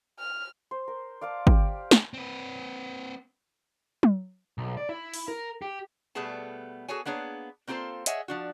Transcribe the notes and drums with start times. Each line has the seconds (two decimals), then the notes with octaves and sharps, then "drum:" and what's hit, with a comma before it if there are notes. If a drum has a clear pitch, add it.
0.19 F6
0.71 C5
0.88 A#4
1.21 D5 F5 A5 D6
1.47 G4, drum: kick
1.91 drum: snare
2.14 C4 B4
4.03 drum: tom
4.58 B1
4.77 D5
4.89 E4
5.14 drum: open hi-hat
5.28 A#4
5.62 G4
6.15 B2 G3 A3 B3 G#4 A5
6.88 F#4 G#4 A4 C#5 G#5
7.05 A#3 B3 D4 G#4 C#5
7.68 A#3 C4 F4 G4 A4 C5
8.06 G#4 C#5 D#5 E5 F#5 G#5, drum: hi-hat
8.28 F3 D4 F#4